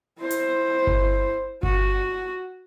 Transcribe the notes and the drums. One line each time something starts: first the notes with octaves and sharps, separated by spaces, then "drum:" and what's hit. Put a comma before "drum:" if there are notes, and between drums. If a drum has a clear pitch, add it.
E4 C5
drum: hi-hat
drum: kick G1
F#4, drum: kick G1